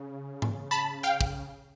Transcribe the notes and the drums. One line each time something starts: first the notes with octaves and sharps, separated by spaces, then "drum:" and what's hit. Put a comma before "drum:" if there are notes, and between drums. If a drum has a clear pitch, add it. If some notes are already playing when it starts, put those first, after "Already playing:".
Already playing: C#3
drum: tom G#2
A5 B5
F5 G5
drum: kick